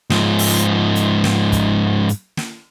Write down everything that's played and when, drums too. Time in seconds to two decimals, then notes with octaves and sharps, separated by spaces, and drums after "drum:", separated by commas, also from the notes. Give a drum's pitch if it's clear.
0.10 G#2 F3, drum: snare
0.39 drum: open hi-hat
0.95 drum: hi-hat
1.24 drum: snare
1.52 drum: kick, hi-hat
2.09 drum: hi-hat
2.37 drum: snare